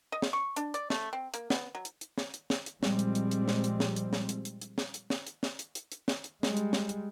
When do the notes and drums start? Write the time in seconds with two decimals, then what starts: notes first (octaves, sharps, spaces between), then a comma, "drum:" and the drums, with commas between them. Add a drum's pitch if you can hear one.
0.12 D#5
0.22 drum: snare
0.33 C#6
0.56 D4, drum: hi-hat
0.74 D5, drum: hi-hat
0.90 A3, drum: snare
1.13 C4
1.34 A#3, drum: hi-hat
1.50 B3, drum: snare
1.75 F#3
1.85 drum: hi-hat
2.01 drum: hi-hat
2.18 drum: snare
2.34 drum: hi-hat
2.50 drum: snare
2.66 drum: hi-hat
2.83 A#2 F3 G3 G#3 C4, drum: snare
2.99 drum: hi-hat
3.15 drum: hi-hat
3.31 drum: hi-hat
3.48 drum: snare
3.64 drum: hi-hat
3.80 drum: snare
3.96 drum: hi-hat
4.13 drum: snare
4.29 drum: hi-hat
4.45 drum: hi-hat
4.61 drum: hi-hat
4.78 drum: snare
4.94 drum: hi-hat
5.10 drum: snare
5.27 drum: hi-hat
5.43 drum: snare
5.59 drum: hi-hat
5.75 drum: hi-hat
5.92 drum: hi-hat
6.08 drum: snare
6.24 drum: hi-hat
6.43 G3 G#3, drum: snare
6.57 drum: hi-hat
6.73 drum: snare
6.89 drum: hi-hat